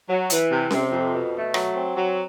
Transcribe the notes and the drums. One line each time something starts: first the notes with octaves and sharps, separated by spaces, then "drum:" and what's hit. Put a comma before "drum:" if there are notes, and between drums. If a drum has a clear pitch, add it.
F#3
E3, drum: hi-hat
C3
C3, drum: snare C#4
F2
B2
A3
F#3, drum: rim click
C4
F#3